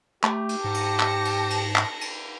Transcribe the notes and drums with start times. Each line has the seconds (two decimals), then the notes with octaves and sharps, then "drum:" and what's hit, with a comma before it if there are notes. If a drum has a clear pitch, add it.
0.23 A3 G4, drum: clap
0.49 drum: cymbal
0.65 G#2 A5 A#6 C#7
0.74 drum: cymbal
1.00 drum: clap
1.25 drum: cymbal
1.50 drum: cymbal
1.76 drum: clap
2.01 drum: cymbal